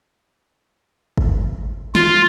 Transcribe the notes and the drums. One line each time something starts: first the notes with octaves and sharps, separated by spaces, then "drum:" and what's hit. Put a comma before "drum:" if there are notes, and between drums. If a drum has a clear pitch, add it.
drum: kick
F4, drum: snare